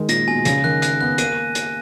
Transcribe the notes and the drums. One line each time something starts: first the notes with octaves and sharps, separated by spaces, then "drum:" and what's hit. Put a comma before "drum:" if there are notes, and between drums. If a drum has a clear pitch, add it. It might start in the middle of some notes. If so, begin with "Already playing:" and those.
Already playing: D#3 G#3
A#2 A#6, drum: hi-hat
B2 G#5
C#3 A#6, drum: hi-hat
D#3 F#6
F#6, drum: hi-hat
B3 F#6
A#3 D#7, drum: hi-hat
drum: hi-hat